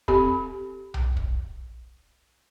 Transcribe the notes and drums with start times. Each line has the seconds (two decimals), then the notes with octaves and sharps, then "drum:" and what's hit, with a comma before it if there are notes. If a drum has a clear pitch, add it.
0.08 C4 G4 A4 B5, drum: kick
0.94 drum: tom B1
1.17 drum: kick